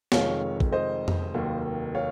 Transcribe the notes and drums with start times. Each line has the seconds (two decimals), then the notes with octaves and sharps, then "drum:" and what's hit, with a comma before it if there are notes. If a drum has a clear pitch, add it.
0.12 F1 F2 D#3 G#3 C#5 F5, drum: snare
0.60 drum: kick
0.72 C5 D#5
1.08 drum: tom F2
1.34 F1 D#2 D#3 F#3 A#3
1.95 C#5 F5